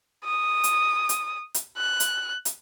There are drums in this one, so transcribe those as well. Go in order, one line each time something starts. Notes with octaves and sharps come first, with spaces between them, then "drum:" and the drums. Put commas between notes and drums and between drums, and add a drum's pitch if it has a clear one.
D#6
drum: hi-hat
drum: hi-hat
drum: hi-hat
F#6
drum: hi-hat
drum: hi-hat